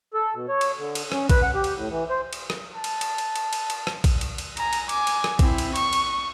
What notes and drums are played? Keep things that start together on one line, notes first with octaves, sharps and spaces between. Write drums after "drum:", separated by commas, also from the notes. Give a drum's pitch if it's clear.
A4
B2
C#5
drum: cymbal
D3
drum: cymbal
C#4, drum: rim click
B4, drum: kick A#1, cymbal
F#5
G4
drum: cymbal
A2
E3
C5
drum: cymbal
drum: rim click
A5
drum: cymbal
drum: cymbal
drum: cymbal
drum: cymbal
drum: cymbal
drum: cymbal
drum: rim click
drum: kick A#1, cymbal
drum: cymbal
drum: cymbal
G#5 A#5, drum: cymbal
drum: cymbal
G#5 D6, drum: cymbal
drum: cymbal
drum: rim click
C4 E4, drum: kick A#1, cymbal
drum: cymbal
C#6, drum: cymbal
drum: cymbal